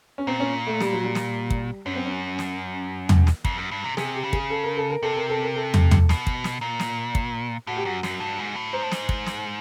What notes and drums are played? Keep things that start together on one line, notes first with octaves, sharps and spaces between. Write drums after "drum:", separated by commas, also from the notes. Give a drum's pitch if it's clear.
C#4
A#2 C4
C#4
A3
G3, drum: snare
F#3
G3
drum: snare
drum: kick
F#2 C#4
C4
C#4
drum: snare
drum: tom
drum: snare
F2, drum: kick
F#2
G2
C3
C3 G#4, drum: snare
G4
C#3
G#4, drum: kick
A4
A#4
A4
A#4
C3 A4
A#4
A4
A#4
A4
drum: tom
drum: tom
B2, drum: snare
drum: kick
drum: snare
A#2
drum: snare
drum: kick
A2 F#4
G4
F#2 F#4
F#2, drum: snare
G2
G#2
A2
G#2 C5
A2
G#2, drum: snare
drum: kick
drum: snare